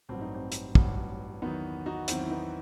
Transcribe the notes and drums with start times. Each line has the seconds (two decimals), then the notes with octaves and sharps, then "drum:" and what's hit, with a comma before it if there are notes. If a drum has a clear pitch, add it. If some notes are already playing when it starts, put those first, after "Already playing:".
0.09 A1 G2 F#3 C4
0.21 D#4
0.35 C4
0.52 drum: hi-hat
0.75 A1 G2 F#3, drum: kick
1.42 E2 D#3 F#3 B3 D#4
1.86 D#4 F#4
2.08 E2 D#3 F#3 C4 E4, drum: hi-hat
2.23 E4
2.30 B3 D#4